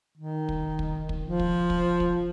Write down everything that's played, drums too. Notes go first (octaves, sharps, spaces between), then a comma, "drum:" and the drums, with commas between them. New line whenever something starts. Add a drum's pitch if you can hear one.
D#3
drum: kick
drum: kick
drum: kick
F3
drum: kick
drum: kick
drum: kick